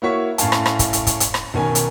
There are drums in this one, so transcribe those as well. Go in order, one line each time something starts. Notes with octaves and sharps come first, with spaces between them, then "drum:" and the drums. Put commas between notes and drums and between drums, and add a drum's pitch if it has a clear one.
A#3 E4 F#4 C#5 C#6 B6
A2 C#4 F5 A5, drum: hi-hat
drum: rim click
drum: rim click
drum: kick, hi-hat
drum: hi-hat
drum: kick, hi-hat
drum: hi-hat
drum: rim click
B1 D#3 C#4 G#5
drum: hi-hat